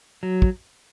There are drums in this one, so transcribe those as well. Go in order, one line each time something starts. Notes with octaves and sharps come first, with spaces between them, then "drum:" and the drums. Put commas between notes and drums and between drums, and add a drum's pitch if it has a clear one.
F#3
drum: kick